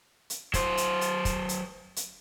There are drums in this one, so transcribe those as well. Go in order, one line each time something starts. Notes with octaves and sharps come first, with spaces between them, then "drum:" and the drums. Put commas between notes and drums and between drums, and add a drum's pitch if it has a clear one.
drum: hi-hat
F#3 C5, drum: kick, hi-hat
drum: hi-hat
drum: hi-hat
drum: kick, hi-hat
drum: hi-hat
drum: hi-hat